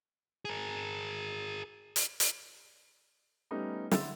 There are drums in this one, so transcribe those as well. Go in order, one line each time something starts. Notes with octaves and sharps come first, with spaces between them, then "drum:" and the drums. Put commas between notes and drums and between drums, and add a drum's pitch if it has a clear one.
G#4 A#4
drum: hi-hat
drum: hi-hat
G3 A3 B3 C#4 D#4 A4
D3 E4 F#5 C6 E6 A6, drum: snare